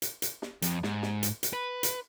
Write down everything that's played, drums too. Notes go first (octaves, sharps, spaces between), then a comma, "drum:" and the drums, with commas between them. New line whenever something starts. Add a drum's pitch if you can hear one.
drum: hi-hat
drum: hi-hat
drum: snare
F2, drum: hi-hat
G#2, drum: snare
drum: snare
drum: hi-hat
drum: hi-hat
B4
drum: hi-hat